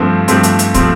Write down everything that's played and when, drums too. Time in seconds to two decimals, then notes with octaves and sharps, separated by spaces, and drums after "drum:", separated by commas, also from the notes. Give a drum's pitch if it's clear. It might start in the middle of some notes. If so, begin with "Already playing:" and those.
Already playing: G2 F3 A3 C4
0.28 G2 F3 A3 C4, drum: hi-hat
0.43 drum: hi-hat
0.59 drum: hi-hat
0.74 F3 A3 C4, drum: kick, hi-hat